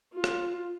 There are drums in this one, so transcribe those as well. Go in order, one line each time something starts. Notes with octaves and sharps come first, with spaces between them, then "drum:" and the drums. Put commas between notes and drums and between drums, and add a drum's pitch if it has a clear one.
F4
drum: rim click